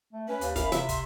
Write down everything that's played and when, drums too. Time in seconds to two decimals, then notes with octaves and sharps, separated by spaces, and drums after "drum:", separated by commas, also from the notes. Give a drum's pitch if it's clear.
0.13 A3
0.29 C#4 B4
0.41 D#2, drum: hi-hat
0.56 F#2 F5 B5, drum: kick, hi-hat
0.72 C3 E5, drum: hi-hat
0.89 C6, drum: kick, hi-hat